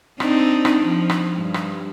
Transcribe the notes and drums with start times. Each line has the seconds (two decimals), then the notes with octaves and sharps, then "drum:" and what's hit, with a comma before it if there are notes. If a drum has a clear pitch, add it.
0.20 C4 D4 D#4, drum: rim click
0.65 drum: rim click
0.82 F3
1.10 drum: rim click
1.38 G2
1.54 drum: rim click